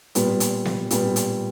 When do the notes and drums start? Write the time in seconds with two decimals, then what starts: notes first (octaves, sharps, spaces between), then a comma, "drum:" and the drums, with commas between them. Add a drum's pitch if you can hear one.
0.15 A#2 G3 B3, drum: hi-hat
0.40 drum: hi-hat
0.65 drum: snare B3
0.91 A#2 G3 B3, drum: hi-hat
1.16 drum: hi-hat